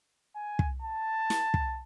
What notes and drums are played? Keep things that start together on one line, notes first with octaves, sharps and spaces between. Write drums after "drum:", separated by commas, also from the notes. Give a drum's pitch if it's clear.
G#5
drum: kick
A5
drum: snare
drum: kick